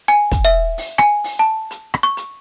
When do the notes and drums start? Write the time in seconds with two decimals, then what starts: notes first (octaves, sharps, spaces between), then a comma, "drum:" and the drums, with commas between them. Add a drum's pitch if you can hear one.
0.08 G#5
0.31 drum: kick, hi-hat
0.45 E5
0.78 drum: open hi-hat
0.98 G#5, drum: rim click
1.24 drum: open hi-hat
1.39 A5
1.71 drum: hi-hat
1.94 drum: rim click
2.03 C#6
2.17 drum: hi-hat